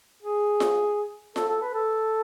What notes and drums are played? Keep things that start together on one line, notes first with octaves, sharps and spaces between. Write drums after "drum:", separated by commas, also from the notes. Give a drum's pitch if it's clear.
G#4
drum: snare F4
A4, drum: snare F4
A4
B4
A4